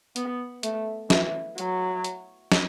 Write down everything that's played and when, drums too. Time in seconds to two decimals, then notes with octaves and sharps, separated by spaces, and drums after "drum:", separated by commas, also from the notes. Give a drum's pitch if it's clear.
0.16 B3, drum: hi-hat
0.63 A3, drum: hi-hat
1.10 E3, drum: snare
1.58 F#3, drum: hi-hat
2.04 drum: hi-hat
2.52 drum: snare